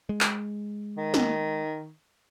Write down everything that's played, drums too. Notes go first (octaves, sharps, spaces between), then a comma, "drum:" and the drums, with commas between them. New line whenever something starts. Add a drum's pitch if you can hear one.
G#3
drum: clap
D#3
drum: snare